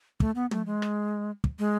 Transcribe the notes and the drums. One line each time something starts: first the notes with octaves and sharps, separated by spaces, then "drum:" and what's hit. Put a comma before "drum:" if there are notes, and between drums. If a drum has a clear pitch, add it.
A3, drum: kick
B3
A3, drum: tom
G#3
drum: rim click
drum: kick
G#3